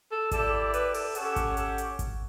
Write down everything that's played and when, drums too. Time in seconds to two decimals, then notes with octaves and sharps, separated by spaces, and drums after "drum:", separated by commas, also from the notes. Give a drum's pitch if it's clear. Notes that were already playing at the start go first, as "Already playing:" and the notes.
0.12 A4
0.31 E4 G4 A4 D5, drum: kick G#1, hi-hat
0.74 B4, drum: hi-hat
0.94 A4, drum: open hi-hat
1.15 C#4 G4 A4 C#5 F#5, drum: hi-hat
1.36 drum: kick G#1, hi-hat
1.57 A4, drum: hi-hat
1.78 drum: hi-hat
1.99 drum: kick G#1, hi-hat